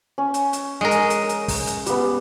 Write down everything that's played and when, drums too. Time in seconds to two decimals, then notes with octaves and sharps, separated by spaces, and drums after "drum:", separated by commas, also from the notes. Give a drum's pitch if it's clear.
0.18 C#4
0.34 drum: hi-hat
0.53 drum: hi-hat
0.81 G#3 A#4
0.91 drum: hi-hat
1.10 drum: hi-hat
1.29 drum: hi-hat
1.48 drum: kick, open hi-hat
1.67 drum: hi-hat
1.86 G3 B3, drum: hi-hat